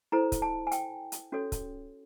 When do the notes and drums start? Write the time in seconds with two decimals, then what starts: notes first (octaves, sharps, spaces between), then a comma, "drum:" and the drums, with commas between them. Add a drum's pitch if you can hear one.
0.12 E4 A4 C5 A#5
0.32 drum: kick C#1, hi-hat
0.42 A5
0.67 G#5
0.72 G5, drum: hi-hat
1.12 drum: hi-hat
1.32 C#4 F#4 A4 C#5
1.52 drum: kick C#1, hi-hat